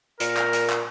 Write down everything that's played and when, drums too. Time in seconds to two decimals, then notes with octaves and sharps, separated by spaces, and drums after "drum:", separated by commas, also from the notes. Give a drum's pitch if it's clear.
0.20 A#2 A#4, drum: hi-hat
0.37 drum: clap
0.53 drum: hi-hat
0.70 drum: clap